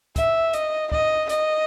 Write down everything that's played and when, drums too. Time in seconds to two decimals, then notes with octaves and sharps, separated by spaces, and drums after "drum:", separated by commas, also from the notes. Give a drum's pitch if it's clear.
0.16 E5, drum: kick, hi-hat
0.53 D#5, drum: hi-hat
0.92 D#5, drum: kick
1.29 D#5, drum: hi-hat